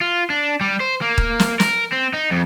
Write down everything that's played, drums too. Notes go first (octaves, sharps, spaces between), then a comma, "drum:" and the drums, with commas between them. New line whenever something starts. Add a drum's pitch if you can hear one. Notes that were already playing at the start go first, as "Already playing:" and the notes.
F4
D4
G3
C5
A#3
drum: kick D#1
drum: snare
A#4, drum: snare
C4
D#4
F2